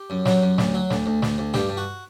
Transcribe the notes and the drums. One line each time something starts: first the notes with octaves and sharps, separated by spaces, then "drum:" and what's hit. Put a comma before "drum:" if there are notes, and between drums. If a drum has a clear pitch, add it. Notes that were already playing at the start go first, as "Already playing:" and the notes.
Already playing: G4
F#2
F#3, drum: snare
F#2
D2, drum: snare
F#3
D2, drum: snare
D2
D2, drum: snare
D2
G2 G4, drum: snare
G2
F#4